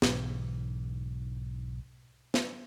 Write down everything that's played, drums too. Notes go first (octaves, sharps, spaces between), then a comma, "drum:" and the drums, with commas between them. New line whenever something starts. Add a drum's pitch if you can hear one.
B1 G#2 E3, drum: snare
drum: snare